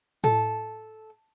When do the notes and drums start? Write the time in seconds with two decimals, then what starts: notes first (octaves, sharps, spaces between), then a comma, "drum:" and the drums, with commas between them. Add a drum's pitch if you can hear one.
0.24 A4, drum: tom A2